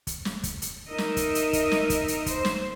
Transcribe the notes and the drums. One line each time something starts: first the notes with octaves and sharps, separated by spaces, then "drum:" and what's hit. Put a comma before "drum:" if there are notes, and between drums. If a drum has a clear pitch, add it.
drum: kick, hi-hat
drum: snare
drum: kick, hi-hat
drum: hi-hat
D#4 A#4 D#5 E5
drum: snare
drum: kick, hi-hat
drum: hi-hat
drum: kick, hi-hat
drum: snare
drum: kick, hi-hat
drum: hi-hat
C5, drum: kick, hi-hat
drum: snare